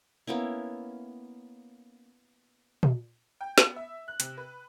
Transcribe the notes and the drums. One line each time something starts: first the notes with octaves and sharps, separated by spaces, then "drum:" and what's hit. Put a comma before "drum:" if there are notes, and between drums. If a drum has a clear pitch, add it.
A#3 B3 C#4 E4
drum: tom A#2
G5
B3, drum: snare
E5
F#6
C3, drum: hi-hat
B4